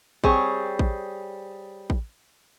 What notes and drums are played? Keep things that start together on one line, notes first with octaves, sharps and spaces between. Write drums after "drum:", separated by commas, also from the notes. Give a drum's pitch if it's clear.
G3 C4 G#4 C#5, drum: kick
drum: kick
drum: kick